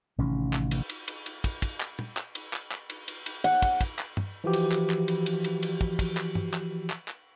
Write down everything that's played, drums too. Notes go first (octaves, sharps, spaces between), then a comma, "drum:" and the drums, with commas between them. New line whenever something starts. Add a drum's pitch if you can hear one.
A1 C3 D#3 C#4
drum: clap
drum: cymbal
drum: cymbal
drum: cymbal
drum: cymbal
drum: kick, cymbal
drum: kick, cymbal
drum: clap
drum: tom
drum: clap
drum: cymbal
drum: clap
drum: clap
drum: cymbal
drum: cymbal
drum: cymbal
F#5, drum: cymbal
drum: kick, cymbal
drum: kick, cymbal
drum: clap
drum: tom
E3 F3 F#4 G4
drum: cymbal
drum: clap
drum: clap
drum: cymbal
drum: cymbal
drum: cymbal
drum: cymbal
drum: kick
drum: kick, cymbal
drum: clap
drum: tom
drum: clap
drum: clap
drum: clap